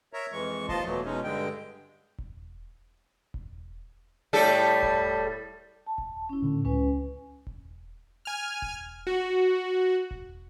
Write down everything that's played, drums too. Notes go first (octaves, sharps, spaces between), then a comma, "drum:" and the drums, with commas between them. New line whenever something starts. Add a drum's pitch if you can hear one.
A#4 C#5 E5 A#5
F2 E3 G#3 C#6
D#2 F3 F4 D#5 A5 C6, drum: kick E1
B2 E3 F#3 A3
B2 G#3 C#4 D#4
G2 D3 G#3 G5
drum: kick E1
drum: kick E1
A2 G3 A4
drum: kick E1
A5
drum: kick E1
C#4 E4
A2 D3
C#2 C#4 B4 G#5
drum: kick E1
G#5 F6
drum: kick E1
F#4
drum: kick E1